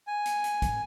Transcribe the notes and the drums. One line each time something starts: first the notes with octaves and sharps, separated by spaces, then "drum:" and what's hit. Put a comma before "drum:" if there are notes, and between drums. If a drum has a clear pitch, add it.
G#5
drum: hi-hat
drum: hi-hat
drum: kick, hi-hat